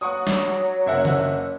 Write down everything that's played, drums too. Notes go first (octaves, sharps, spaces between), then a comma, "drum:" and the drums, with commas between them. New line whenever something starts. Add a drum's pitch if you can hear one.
F#3 F#5 C#6 D#6
drum: snare
F#1 E5 F#5
drum: tom C#3